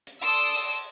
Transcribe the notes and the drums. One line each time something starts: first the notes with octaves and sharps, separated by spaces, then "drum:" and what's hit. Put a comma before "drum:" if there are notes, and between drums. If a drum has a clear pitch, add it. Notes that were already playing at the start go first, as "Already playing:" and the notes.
drum: hi-hat
A4 D5 C6 D#6 E6 D7
drum: open hi-hat